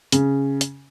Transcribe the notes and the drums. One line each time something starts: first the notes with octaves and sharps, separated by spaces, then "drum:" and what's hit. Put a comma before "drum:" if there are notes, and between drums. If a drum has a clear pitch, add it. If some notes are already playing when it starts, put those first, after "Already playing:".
C#3, drum: hi-hat
drum: hi-hat